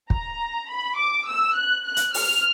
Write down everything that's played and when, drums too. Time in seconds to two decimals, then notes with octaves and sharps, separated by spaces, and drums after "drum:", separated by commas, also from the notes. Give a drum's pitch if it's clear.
0.10 A#5, drum: kick
0.69 B5
0.98 D6
1.27 E6
1.56 F#6
1.86 F#6
1.97 drum: hi-hat
2.14 F6, drum: open hi-hat